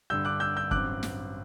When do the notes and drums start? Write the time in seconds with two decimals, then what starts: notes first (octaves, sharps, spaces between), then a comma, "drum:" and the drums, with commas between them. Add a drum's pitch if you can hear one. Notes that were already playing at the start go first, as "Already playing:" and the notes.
0.10 G2 D3 G3 E6 G6
0.25 D6 F#6
0.40 E6 G6
0.56 E6 G6
0.71 A1 G2 F#3 C4 D6 F#6, drum: kick
1.03 drum: snare